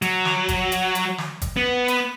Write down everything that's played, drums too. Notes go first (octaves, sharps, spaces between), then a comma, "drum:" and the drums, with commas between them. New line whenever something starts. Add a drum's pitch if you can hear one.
F#3, drum: hi-hat
drum: snare
drum: kick, hi-hat
drum: hi-hat
drum: hi-hat
drum: snare
drum: kick, hi-hat
B3
drum: hi-hat